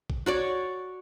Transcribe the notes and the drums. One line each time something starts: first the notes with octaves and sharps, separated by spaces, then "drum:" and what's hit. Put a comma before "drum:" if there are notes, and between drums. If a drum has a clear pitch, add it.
drum: kick A1
F#4 C#5 D5